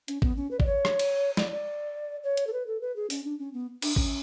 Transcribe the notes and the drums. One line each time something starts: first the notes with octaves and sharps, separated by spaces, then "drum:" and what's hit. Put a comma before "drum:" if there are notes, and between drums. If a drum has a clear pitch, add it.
C#4, drum: hi-hat
B3, drum: kick G#1
C#4
B4
D5, drum: kick G#1
C#5
drum: rim click
drum: cymbal
D5, drum: snare
D5
C#5
drum: hi-hat
A4
B4
A4
B4
G#4
C#4, drum: open hi-hat
D4
C#4
B3
D4, drum: cymbal
C#4, drum: kick G#1